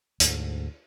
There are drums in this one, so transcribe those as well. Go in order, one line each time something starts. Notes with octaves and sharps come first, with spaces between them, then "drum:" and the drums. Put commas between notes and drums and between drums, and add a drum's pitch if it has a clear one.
D2 G#2, drum: hi-hat